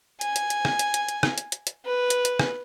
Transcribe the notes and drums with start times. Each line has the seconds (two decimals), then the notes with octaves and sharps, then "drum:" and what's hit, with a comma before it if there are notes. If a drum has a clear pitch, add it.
0.21 G#5, drum: hi-hat
0.36 drum: hi-hat
0.50 drum: hi-hat
0.65 drum: rim click
0.79 drum: hi-hat
0.94 drum: hi-hat
1.09 drum: hi-hat
1.23 drum: rim click
1.38 drum: hi-hat
1.52 drum: hi-hat
1.67 drum: hi-hat
1.86 B4
2.10 drum: hi-hat
2.25 drum: hi-hat
2.39 drum: rim click